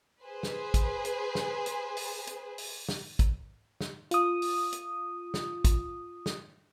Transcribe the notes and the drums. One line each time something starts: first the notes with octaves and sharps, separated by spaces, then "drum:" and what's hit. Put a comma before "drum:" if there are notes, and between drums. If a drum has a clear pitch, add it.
G#4 B4 C5
drum: snare
drum: kick, hi-hat
drum: hi-hat
drum: snare
drum: hi-hat
drum: open hi-hat
drum: hi-hat
drum: open hi-hat
drum: snare
drum: kick, hi-hat
drum: snare
F4 D#6, drum: hi-hat
drum: open hi-hat
drum: hi-hat
drum: snare
drum: kick, hi-hat
drum: snare